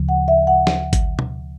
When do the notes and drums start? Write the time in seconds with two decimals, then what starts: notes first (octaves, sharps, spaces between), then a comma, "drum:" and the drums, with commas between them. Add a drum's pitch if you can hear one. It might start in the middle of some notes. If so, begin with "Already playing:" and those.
Already playing: D2 C#3 F3
0.09 F#5
0.28 E5
0.47 F#5
0.67 drum: snare
0.93 drum: kick G#1, hi-hat
1.19 drum: tom